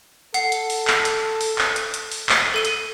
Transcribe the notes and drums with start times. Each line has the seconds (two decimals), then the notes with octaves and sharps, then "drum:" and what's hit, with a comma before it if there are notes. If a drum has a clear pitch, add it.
0.34 A4 F#5 C7, drum: hi-hat
0.52 drum: hi-hat
0.70 drum: open hi-hat
0.87 drum: clap
1.05 drum: hi-hat
1.41 drum: open hi-hat
1.58 drum: clap
1.76 drum: hi-hat
1.94 drum: hi-hat
2.12 drum: open hi-hat
2.29 drum: clap
2.54 A4 D#7 G7
2.65 drum: hi-hat